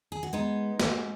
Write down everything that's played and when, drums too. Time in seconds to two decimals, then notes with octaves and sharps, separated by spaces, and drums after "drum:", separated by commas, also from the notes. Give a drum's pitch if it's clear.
0.12 G#4
0.23 F#4
0.33 G#3 B3 D#4
0.80 G#2 F#4, drum: snare